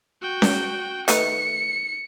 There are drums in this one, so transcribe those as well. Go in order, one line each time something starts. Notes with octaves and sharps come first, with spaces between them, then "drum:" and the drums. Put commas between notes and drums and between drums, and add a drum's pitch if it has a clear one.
F#4 G5
drum: snare C#4
D#3 A3 B4 C#7, drum: hi-hat